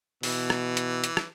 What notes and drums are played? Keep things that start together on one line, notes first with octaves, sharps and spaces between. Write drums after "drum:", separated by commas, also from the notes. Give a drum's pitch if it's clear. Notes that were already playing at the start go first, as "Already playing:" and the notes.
B2 E3, drum: open hi-hat
drum: rim click
drum: hi-hat
drum: hi-hat
drum: rim click